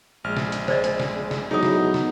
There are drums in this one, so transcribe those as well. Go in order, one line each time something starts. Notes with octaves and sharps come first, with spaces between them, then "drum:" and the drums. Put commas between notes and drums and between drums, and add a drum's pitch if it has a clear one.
A#1 G#3 F6
drum: snare
drum: hi-hat
C5 D5 D#5, drum: snare
drum: hi-hat
drum: snare
drum: snare
E2 B2 F#3 D#4 G#4 A4 D#6
drum: snare
drum: snare